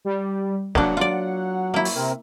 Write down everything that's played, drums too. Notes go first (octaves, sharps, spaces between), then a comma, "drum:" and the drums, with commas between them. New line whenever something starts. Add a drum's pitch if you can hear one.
G3
F#3 A#3 D4 F#5, drum: snare
F#3 F4 D5
A#3 E4
drum: open hi-hat
C3 C4 A#4